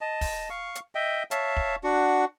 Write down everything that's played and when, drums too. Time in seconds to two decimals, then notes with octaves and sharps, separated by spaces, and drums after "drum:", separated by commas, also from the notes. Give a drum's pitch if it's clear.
0.01 D#5 A5
0.21 drum: kick, open hi-hat
0.50 F5 C#6
0.75 drum: hi-hat
0.95 D#5 E5 G5
1.31 C#5 E5 F5 A5, drum: hi-hat
1.57 drum: kick
1.84 D4 F#4 F#5